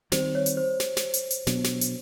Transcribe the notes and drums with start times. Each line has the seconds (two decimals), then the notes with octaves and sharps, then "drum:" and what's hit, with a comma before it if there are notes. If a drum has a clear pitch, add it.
0.12 D#3 G3 C4 C5, drum: snare
0.35 C#5
0.46 drum: hi-hat
0.57 C5
0.80 drum: snare
0.97 drum: snare
1.14 drum: hi-hat
1.30 drum: hi-hat
1.47 B2 F#3 B3 D4, drum: snare
1.64 drum: snare
1.81 drum: hi-hat